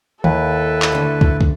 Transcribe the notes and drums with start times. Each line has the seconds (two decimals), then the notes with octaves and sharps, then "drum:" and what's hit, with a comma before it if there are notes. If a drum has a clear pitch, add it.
0.24 D#2 E4 A4 B4, drum: tom D#3
0.82 drum: clap
0.92 D2 D3
1.21 drum: kick
1.41 drum: kick